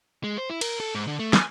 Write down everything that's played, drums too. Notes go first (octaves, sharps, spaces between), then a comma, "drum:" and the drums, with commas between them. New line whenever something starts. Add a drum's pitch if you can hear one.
G#3
C5
E4
A#4, drum: cymbal
A4
G#2
D3
A3
G#5, drum: snare